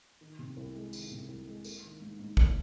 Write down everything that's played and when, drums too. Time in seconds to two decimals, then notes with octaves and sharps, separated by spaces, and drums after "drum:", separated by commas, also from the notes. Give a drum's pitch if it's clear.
0.21 D#3
0.39 C3
0.57 C2
0.75 G#3
0.93 D#3, drum: tambourine
1.11 C3
1.28 C2
1.47 G#3
1.64 A#3, drum: tambourine
1.83 D#3
2.01 G#2
2.19 G#2
2.37 A#3, drum: kick